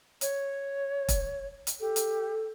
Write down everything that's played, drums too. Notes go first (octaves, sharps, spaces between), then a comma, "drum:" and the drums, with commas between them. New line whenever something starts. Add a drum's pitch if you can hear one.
C#5, drum: hi-hat
drum: kick E1, hi-hat
drum: hi-hat
G4 A4
drum: hi-hat